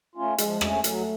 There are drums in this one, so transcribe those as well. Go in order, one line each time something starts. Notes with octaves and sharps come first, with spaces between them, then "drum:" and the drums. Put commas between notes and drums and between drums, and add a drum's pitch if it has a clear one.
A3 C#4 F4
F3 G#3, drum: hi-hat
A3 C#4, drum: rim click
F#3 A3, drum: hi-hat